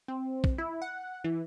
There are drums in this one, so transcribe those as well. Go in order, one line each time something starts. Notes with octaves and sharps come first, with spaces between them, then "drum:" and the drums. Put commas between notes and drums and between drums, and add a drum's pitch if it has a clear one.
C4
drum: kick
E4
F#5
E3